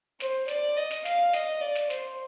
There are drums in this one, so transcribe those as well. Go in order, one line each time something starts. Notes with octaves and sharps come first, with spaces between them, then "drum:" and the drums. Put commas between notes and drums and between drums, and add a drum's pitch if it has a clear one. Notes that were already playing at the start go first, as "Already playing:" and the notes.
C5, drum: snare
D5, drum: snare
D#5
drum: snare
F5, drum: snare
D#5, drum: snare
D5
drum: snare
C5, drum: snare